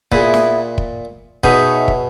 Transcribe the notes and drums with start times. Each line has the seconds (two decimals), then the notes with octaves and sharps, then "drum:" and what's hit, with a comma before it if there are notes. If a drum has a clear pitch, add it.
0.12 A#2 B3 E4 G#4, drum: kick
0.34 drum: snare
0.78 drum: kick
1.44 B2 D#4 G#4 C#5 E5, drum: kick
1.88 drum: kick